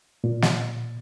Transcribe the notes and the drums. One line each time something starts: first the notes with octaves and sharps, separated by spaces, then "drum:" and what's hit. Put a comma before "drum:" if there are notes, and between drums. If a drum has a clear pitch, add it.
A#2
drum: snare